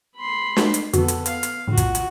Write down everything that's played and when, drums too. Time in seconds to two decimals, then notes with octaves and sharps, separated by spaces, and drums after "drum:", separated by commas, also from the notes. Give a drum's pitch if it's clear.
0.15 B5 C6
0.56 drum: snare
0.74 drum: hi-hat
0.93 F2 D3 B3 F#4 A4, drum: hi-hat
1.08 drum: hi-hat
1.26 F5, drum: hi-hat
1.43 drum: hi-hat
1.68 A2 D3 F4 F#4
1.77 drum: kick, hi-hat
1.95 drum: hi-hat